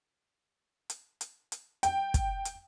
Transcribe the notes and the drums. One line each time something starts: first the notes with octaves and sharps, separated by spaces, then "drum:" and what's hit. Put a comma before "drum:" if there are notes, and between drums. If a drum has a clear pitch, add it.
drum: hi-hat
drum: hi-hat
drum: hi-hat
G5, drum: hi-hat
drum: kick, hi-hat
drum: hi-hat